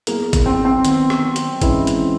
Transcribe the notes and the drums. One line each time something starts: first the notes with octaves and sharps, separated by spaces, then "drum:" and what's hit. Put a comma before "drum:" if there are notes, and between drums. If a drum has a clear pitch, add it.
F#3 A#3 B3 E4 G#4, drum: hi-hat
drum: kick G#1, hi-hat
C4
C4
D#3 F#3 B3, drum: hi-hat
drum: rim click
drum: hi-hat
E3 G#3 C#4 E4, drum: kick G#1, hi-hat
drum: hi-hat